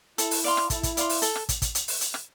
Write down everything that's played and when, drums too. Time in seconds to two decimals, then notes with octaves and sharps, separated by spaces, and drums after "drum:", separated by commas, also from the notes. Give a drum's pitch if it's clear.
0.18 E4 A4, drum: hi-hat
0.31 drum: open hi-hat
0.44 D5 F5 C6
0.57 drum: rim click
0.70 E4 A4, drum: kick, hi-hat
0.83 drum: kick, hi-hat
0.97 D5 F5 C6, drum: hi-hat
1.09 drum: open hi-hat
1.22 A4, drum: hi-hat
1.36 drum: rim click
1.49 drum: kick, hi-hat
1.62 drum: kick, hi-hat
1.75 drum: hi-hat
1.88 drum: open hi-hat
2.01 drum: hi-hat
2.14 drum: rim click